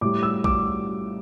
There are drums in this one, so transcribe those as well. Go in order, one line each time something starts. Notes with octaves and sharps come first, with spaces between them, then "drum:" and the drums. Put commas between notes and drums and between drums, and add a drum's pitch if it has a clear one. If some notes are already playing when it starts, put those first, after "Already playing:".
A2 G3 D6
E6
D6, drum: kick A#1